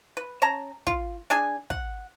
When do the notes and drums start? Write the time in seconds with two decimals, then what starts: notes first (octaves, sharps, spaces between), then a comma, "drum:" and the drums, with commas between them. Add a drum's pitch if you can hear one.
0.17 B4
0.42 C#4 A5 A#5
0.87 F4, drum: kick
1.30 D4 G#4 G#5
1.70 F#5, drum: kick